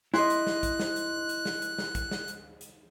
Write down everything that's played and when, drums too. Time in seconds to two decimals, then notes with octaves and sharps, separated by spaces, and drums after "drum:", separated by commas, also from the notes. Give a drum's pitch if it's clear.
0.14 E4 D#5 C6 F#6, drum: snare
0.30 drum: hi-hat
0.47 drum: snare
0.63 drum: kick, hi-hat
0.80 drum: snare
0.96 drum: hi-hat
1.29 drum: hi-hat
1.45 drum: snare
1.62 drum: hi-hat
1.78 drum: snare
1.95 drum: kick, hi-hat
2.11 drum: snare
2.28 drum: hi-hat
2.61 drum: hi-hat